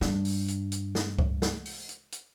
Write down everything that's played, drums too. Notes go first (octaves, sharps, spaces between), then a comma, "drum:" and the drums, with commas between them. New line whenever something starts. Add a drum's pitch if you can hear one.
G2 D4, drum: snare
drum: open hi-hat
drum: hi-hat
drum: hi-hat
drum: snare
drum: kick C#2
drum: snare
drum: open hi-hat
drum: hi-hat
drum: hi-hat